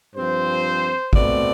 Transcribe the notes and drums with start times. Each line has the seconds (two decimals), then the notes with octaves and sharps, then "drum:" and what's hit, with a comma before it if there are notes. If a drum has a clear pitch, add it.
0.15 G2 F3 C4 C5
1.13 B2 A3 C4 D5, drum: kick